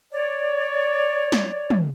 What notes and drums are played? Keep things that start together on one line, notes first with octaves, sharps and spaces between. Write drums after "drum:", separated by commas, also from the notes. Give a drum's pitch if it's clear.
C#5 D5
drum: snare
drum: tom